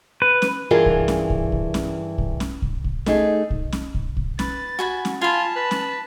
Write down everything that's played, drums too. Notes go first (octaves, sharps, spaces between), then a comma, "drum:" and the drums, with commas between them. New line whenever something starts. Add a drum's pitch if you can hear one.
B4
drum: snare C#4
G2 E3 F4 G#4 A#4
drum: kick
drum: snare C#4
drum: kick
drum: kick
drum: snare C#4
drum: kick
drum: snare C#4
drum: kick
drum: kick
A3 D#4 G#4, drum: snare C#4
drum: kick
drum: snare C#4
drum: kick
drum: kick
B4 A6, drum: snare C#4
F#4 G#5 B5
drum: snare C#4
F4 G#5 A5 B5
B4
drum: snare C#4